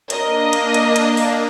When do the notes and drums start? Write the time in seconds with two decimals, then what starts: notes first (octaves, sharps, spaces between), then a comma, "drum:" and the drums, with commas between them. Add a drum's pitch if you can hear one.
0.10 A#3 D4 A#4 D#5, drum: hi-hat
0.53 drum: hi-hat
0.74 drum: hi-hat
0.96 drum: hi-hat
1.17 drum: open hi-hat